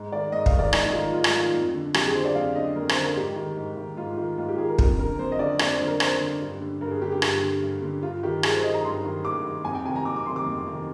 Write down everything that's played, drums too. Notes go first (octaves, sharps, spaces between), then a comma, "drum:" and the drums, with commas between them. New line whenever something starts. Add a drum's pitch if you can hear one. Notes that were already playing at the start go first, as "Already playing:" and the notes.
Already playing: G#2
D#3 D5
G#2 D#5
F5, drum: kick
D#3
D5
G#2 D#4, drum: rim click
D#4
D#3 F4
G#2 F4
D#4, drum: rim click
D#3 F4
F2
D3
F2 G4, drum: rim click
G#4
D3 C5
D5
F2 F5
D3 D#5
F2 A#4
C5, drum: rim click
D3
A#4
G#2 G4
D#3
G#2
D#3
G#2 F4
D#3
G#2 F4
G4
D#3 G#4
A#4
F2 A#4, drum: kick
D3 A#4
F2 C5
D#5
D3 D5
F2 D5, drum: rim click
C5
D3
A#4
F2 C5, drum: rim click
D3
G2
D3
G2 A#4
G#4
D3 G4
G4
G2, drum: rim click
D3
G2
D3
G2 F4
D#3 G4
G2 G#4, drum: rim click
C5
D#3 D#5
A#5
G2 C6
D#3
G2 D6
D#3
F2 G#5
G5
C3 D#3 G#5
A#5
F2 D6
D6
C3 D#3 C6
D6
F2
C3 D#3